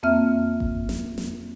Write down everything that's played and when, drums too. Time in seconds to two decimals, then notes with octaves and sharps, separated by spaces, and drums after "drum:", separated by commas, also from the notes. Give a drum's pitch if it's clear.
0.03 F2 A#3 C4 E5 F6
0.60 drum: kick G#1
0.89 drum: snare
1.18 drum: snare